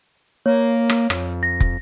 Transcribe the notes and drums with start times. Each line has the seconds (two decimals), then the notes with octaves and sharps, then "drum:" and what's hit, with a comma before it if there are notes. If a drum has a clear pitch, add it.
0.46 A#3 C#5
0.90 drum: rim click
1.10 F2, drum: rim click
1.43 A#6
1.60 drum: kick